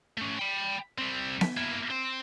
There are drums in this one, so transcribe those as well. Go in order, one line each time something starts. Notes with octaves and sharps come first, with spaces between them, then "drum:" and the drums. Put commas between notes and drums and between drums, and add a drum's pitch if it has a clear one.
A3 C#4
G5 B5
G3 C4
drum: snare B3
A#3 E4
C4 C5